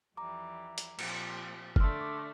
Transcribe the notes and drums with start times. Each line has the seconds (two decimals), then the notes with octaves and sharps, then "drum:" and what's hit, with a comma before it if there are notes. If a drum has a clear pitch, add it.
0.17 F2 E3 G3 A#5 D6
0.78 drum: hi-hat
0.99 A#2 F3 C4 G4, drum: cymbal
1.76 F6, drum: kick F#1
1.80 D3 A3 D4 C6 E6
2.01 D6 F6